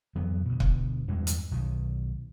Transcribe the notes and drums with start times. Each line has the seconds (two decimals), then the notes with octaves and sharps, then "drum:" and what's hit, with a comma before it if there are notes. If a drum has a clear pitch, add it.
0.15 F2 E3 F#3 B3
0.45 D2 B2
0.60 drum: kick
1.08 E2 G2 E3 G#3
1.27 drum: hi-hat
1.51 B1 D#3